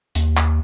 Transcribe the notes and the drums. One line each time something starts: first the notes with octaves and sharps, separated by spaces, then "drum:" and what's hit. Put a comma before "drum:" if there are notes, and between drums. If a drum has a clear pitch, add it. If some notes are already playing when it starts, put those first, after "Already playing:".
D#2, drum: hi-hat
drum: clap